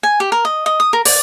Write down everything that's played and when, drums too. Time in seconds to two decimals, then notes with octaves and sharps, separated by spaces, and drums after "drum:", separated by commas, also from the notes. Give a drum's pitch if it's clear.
0.03 G#5
0.20 G4
0.32 A#4
0.45 D#5
0.66 D#5
0.80 D#6
0.93 A#4
1.05 D5, drum: open hi-hat